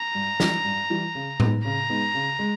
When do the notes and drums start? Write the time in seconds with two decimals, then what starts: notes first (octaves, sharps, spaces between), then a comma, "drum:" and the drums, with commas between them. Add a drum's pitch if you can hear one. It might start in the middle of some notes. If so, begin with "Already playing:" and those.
Already playing: A#5
0.15 G2
0.40 E3 G3, drum: snare
0.65 G2
0.90 E3 G3
1.15 C#3
1.40 G#3 B3 D#4, drum: tom A2
1.65 C#3 A#5
1.90 G#3 B3 D#4
2.14 C#3
2.39 G#3